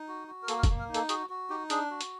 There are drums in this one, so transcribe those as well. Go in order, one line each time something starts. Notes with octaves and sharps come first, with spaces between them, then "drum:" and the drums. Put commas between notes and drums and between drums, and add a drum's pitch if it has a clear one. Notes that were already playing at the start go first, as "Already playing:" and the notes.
Already playing: D#4
F#4
F#4
A#4
A#3 A4, drum: hi-hat
A#4
A4, drum: kick, hi-hat
A#3
A#4
D#4
A4, drum: hi-hat
F#4 G#4, drum: hi-hat
F#4
D#4 G4
D4 G#4, drum: hi-hat
F#4
drum: hi-hat